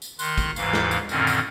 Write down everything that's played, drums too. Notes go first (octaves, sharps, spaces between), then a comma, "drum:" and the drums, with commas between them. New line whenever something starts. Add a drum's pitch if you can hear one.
drum: tambourine
D#3 C6 F#6, drum: tambourine
drum: kick, tambourine
D#2 G#2 E3 F5, drum: tambourine
drum: snare
drum: tambourine
F#2 A#2 D3 D#3 C4 C#4, drum: tambourine
drum: tambourine